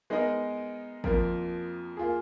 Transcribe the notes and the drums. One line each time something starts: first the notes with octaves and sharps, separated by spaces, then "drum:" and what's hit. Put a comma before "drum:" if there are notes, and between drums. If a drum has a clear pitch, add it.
G#3 B3 D#4 A#4 D#5
F2 F3 A#3 F4 A#4, drum: kick
A#3 F4 G#4